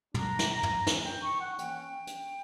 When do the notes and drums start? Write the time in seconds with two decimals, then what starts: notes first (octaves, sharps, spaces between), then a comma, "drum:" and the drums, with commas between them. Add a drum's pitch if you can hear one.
0.14 E3 B3 D4 A#5, drum: tom
0.39 drum: snare
0.51 A#5
0.63 drum: tom
0.87 E3 A#3 C#4, drum: snare
1.05 G5
1.22 C#6
1.40 F#5
1.58 E3 A#3 C#4 G5, drum: hi-hat
2.07 drum: hi-hat